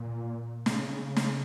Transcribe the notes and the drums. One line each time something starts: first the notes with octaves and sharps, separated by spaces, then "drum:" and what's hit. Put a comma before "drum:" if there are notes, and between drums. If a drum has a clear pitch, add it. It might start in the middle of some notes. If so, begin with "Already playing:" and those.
Already playing: A#2
C#3, drum: snare
drum: snare